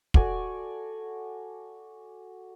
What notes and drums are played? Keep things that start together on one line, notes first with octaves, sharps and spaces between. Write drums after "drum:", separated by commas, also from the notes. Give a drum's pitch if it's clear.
F#4 A4 D5 G#5, drum: kick